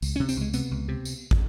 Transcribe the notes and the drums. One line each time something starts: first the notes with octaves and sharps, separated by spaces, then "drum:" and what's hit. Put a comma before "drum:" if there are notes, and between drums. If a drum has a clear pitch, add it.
C#2, drum: tambourine
C3 C#4
C4, drum: tambourine
C#2 G#3
C3 B3, drum: tambourine
C#2
C3
drum: tambourine
drum: kick